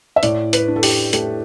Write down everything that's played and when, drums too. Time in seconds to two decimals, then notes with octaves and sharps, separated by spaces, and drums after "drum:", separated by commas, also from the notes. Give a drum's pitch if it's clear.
0.16 E5
0.23 A2 D5, drum: hi-hat
0.53 B4, drum: hi-hat
0.68 D4
0.76 A4
0.83 G4, drum: open hi-hat
1.13 A3 G4, drum: hi-hat